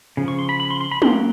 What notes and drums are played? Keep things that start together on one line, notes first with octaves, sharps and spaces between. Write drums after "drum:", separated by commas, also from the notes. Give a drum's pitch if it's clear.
C#3 F3
C#6
C6
B5
B5
C6
C6
B5
F#3 A#3 C#4 C6, drum: tom